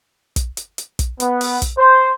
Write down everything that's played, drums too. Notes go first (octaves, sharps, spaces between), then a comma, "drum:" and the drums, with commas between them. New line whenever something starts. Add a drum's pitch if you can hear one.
drum: kick, hi-hat
drum: hi-hat
drum: hi-hat
drum: kick, hi-hat
B3, drum: hi-hat
drum: open hi-hat
drum: kick, hi-hat
C5